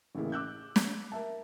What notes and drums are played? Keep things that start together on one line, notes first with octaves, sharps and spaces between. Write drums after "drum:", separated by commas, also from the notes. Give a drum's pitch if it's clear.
A1 A2 C#3 A#3 E4 G#4
D6 E6 F#6 G6
drum: snare
A#4 E5 A5